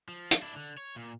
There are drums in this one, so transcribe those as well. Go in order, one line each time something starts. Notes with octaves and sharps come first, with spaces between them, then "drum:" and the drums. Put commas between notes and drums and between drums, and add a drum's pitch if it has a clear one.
F3
drum: hi-hat
D4 E4
D3
C#5
A#2